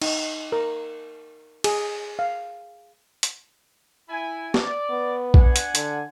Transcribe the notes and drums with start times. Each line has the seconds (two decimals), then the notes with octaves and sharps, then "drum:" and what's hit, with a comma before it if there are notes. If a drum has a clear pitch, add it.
0.02 D#4, drum: cymbal
0.52 A#4
1.64 G#4, drum: cymbal
2.19 F5
3.23 drum: hi-hat
4.09 E4 G#5
4.54 D5, drum: snare
4.90 B3
5.34 D4 F#5 G#5, drum: kick A#1
5.56 drum: hi-hat
5.75 D3, drum: hi-hat